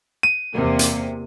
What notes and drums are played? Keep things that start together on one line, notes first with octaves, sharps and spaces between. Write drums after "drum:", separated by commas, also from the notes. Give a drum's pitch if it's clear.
D#7
E2 C3 A#3
drum: hi-hat